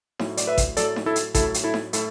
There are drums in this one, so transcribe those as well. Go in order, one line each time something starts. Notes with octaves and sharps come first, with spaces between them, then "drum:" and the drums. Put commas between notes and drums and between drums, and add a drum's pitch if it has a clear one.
A2 F#3, drum: snare D#4
D5, drum: hi-hat
B4 E5
drum: kick A1, hi-hat
A2 F#3 A4 D5, drum: hi-hat
drum: snare D#4
E4 A4
drum: hi-hat
A2 F#3 E4 A4, drum: kick A1, hi-hat
drum: hi-hat
E4 A4
drum: snare D#4
A2 E4 A4, drum: hi-hat